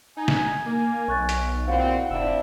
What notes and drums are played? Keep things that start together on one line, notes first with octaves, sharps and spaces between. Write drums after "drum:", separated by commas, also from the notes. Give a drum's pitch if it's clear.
D#4 G#5
drum: snare
A#3
B1 C#6 F#6 A6
drum: hi-hat
D#2 A#2 C4 E4 F#4 F5 F#5
F1 G#2 C3 C4 D4 E4 E6